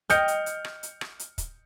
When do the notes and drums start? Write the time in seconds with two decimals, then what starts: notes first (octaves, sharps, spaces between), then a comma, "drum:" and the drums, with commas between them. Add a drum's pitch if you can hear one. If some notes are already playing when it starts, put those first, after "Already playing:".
0.10 D#5 G5 F6 G6 C#7, drum: hi-hat
0.28 drum: hi-hat
0.46 drum: hi-hat
0.65 drum: rim click
0.83 drum: hi-hat
1.01 drum: rim click
1.19 drum: hi-hat
1.38 drum: kick, hi-hat